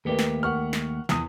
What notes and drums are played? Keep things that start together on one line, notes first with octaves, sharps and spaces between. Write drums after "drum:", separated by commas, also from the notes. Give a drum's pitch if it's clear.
D#2 A3 G4 A#4 B4
drum: snare
A#4 F#5 C#6 F6
drum: snare
E2 D#6, drum: snare